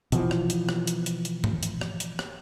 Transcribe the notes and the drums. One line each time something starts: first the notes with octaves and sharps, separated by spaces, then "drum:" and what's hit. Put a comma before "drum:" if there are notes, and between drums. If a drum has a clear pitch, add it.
B2 E3 F3, drum: hi-hat
drum: rim click
drum: hi-hat
drum: rim click
drum: hi-hat
drum: hi-hat
drum: hi-hat
drum: tom
drum: hi-hat
drum: rim click
drum: hi-hat
drum: rim click